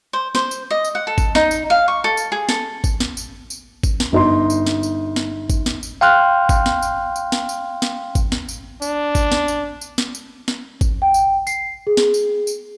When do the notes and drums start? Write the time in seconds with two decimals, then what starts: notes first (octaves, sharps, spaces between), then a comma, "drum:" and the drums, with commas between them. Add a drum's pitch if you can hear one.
0.13 C5
0.35 C5, drum: snare
0.51 drum: tambourine
0.71 D#5
0.84 drum: tambourine
0.95 F#5
1.07 A4
1.18 drum: kick, tambourine
1.35 D#4, drum: snare
1.51 drum: tambourine
1.70 F5
1.88 C#6
2.04 A4
2.17 drum: tambourine
2.32 G#4
2.49 A4, drum: snare
2.84 drum: kick, tambourine
3.00 drum: snare
3.17 drum: tambourine
3.50 drum: tambourine
3.83 drum: kick, tambourine
4.00 drum: snare
4.12 G1 D#4 C6
4.50 drum: tambourine
4.67 drum: snare
4.83 drum: tambourine
5.16 drum: snare
5.50 drum: kick, tambourine
5.66 drum: snare
5.83 drum: tambourine
6.01 F5 G5 C6 F6 F#6
6.49 drum: kick, tambourine
6.66 drum: snare
6.82 drum: tambourine
7.16 drum: tambourine
7.32 drum: snare
7.49 drum: tambourine
7.82 drum: snare
8.15 drum: kick, tambourine
8.32 drum: snare
8.49 drum: tambourine
8.82 D4, drum: tambourine
9.15 drum: kick, tambourine
9.32 drum: snare
9.48 drum: tambourine
9.81 drum: tambourine
9.98 drum: snare
10.15 drum: tambourine
10.48 drum: snare
10.81 drum: kick, tambourine
11.02 G5
11.14 drum: tambourine
11.47 C7, drum: tambourine
11.87 G#4
11.97 drum: snare
12.14 drum: tambourine
12.47 drum: tambourine